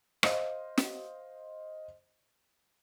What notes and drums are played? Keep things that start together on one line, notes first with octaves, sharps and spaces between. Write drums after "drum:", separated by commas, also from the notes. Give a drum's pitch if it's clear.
C5 D#5 F5, drum: rim click
drum: snare